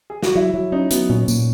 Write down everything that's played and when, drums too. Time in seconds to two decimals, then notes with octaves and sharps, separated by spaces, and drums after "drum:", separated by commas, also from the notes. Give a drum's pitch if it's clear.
0.10 G#4
0.23 F#4, drum: snare
0.35 F#3 E4
0.54 F#3
0.72 C#4 D#4
0.91 F#3 B3, drum: hi-hat
1.09 A#2 C#4
1.28 A#2, drum: tambourine